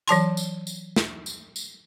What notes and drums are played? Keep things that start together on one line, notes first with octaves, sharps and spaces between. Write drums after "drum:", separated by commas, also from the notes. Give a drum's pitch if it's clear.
E3 F#3 A5 C6, drum: tambourine
drum: tambourine
drum: tambourine
drum: snare
drum: tambourine
drum: tambourine